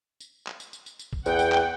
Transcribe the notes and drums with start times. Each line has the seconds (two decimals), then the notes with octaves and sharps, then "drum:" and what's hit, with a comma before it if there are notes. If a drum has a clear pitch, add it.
0.20 drum: tambourine
0.47 drum: clap
0.60 drum: tambourine
0.73 drum: tambourine
0.86 drum: tambourine
0.99 drum: tambourine
1.13 drum: kick
1.26 E2 F#5 G5, drum: tambourine
1.39 drum: tambourine
1.52 drum: clap